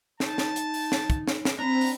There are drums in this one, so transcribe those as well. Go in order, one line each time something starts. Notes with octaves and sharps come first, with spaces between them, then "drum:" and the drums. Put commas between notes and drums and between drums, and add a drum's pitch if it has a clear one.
D#4 A5, drum: snare
drum: snare
drum: hi-hat
drum: open hi-hat
drum: snare
drum: kick, hi-hat
drum: snare
drum: snare
C4 D4 A#5 B5
drum: open hi-hat